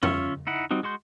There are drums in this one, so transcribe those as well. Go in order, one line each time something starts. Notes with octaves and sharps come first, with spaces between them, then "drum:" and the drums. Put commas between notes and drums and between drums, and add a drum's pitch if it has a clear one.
C#4 F4 C#5 E5, drum: tom F2
D#4 E4 F#5
G3 C4 D#4 F#4
G#3 F#4 C6 G6